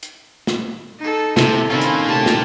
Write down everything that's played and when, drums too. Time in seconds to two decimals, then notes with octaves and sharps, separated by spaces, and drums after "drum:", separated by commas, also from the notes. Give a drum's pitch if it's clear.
0.03 drum: hi-hat
0.47 drum: snare
1.00 D#4 A4
1.37 C3 E4 A4 A#4, drum: snare
1.70 D#3 A#3 C4 C#4 F4 G#5 B5
1.81 drum: hi-hat
2.09 A2 C3 G4 A5
2.26 drum: snare